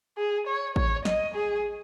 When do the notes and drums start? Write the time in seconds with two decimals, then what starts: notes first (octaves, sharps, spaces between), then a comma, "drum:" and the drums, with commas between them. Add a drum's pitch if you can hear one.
0.18 G#4
0.47 C#5
0.76 C#5, drum: kick A1
1.05 D#5, drum: snare
1.35 G#4